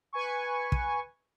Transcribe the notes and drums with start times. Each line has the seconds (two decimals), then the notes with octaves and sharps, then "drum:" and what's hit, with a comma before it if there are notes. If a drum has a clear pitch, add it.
0.13 B4 G#5 C#6
0.72 drum: kick